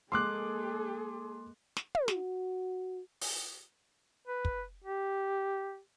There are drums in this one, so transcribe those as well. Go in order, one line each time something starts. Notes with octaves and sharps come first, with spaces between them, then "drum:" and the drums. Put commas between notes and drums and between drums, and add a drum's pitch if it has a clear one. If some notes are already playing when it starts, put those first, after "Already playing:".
G#3 A#3 G#4 A4 C6 D6 F#6
drum: snare
drum: tom
F#4, drum: snare
drum: open hi-hat
B4
drum: kick
G4